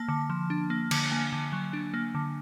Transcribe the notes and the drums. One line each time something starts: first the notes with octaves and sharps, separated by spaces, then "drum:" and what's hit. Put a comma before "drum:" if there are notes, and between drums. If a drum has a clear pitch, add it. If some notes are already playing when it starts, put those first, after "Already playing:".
Already playing: A#3 A5
D3
F3
D4
A#3
D3, drum: cymbal
A#3 G#5
D3
F#3
D4
A#3
D3